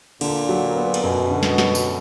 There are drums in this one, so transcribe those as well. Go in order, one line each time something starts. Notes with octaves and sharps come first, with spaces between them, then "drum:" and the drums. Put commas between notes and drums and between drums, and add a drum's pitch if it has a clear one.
A#2 D3, drum: cymbal
F#3
B3
drum: cymbal
F#2 B2
D3
drum: snare
F#3, drum: snare
drum: tambourine